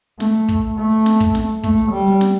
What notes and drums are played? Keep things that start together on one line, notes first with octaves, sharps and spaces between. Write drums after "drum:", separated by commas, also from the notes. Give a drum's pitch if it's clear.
A3, drum: snare
drum: hi-hat
drum: kick
A3
drum: hi-hat
drum: snare
drum: kick, hi-hat
drum: snare
drum: hi-hat
A3, drum: kick
drum: hi-hat
G3
drum: hi-hat
drum: snare